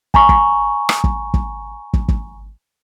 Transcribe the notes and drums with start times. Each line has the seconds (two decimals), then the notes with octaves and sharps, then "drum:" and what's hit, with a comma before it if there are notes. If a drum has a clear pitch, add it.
0.14 G#5 A#5 C#6, drum: kick
0.29 drum: kick
0.89 drum: rim click
1.04 drum: kick
1.34 drum: kick
1.94 drum: kick
2.08 drum: kick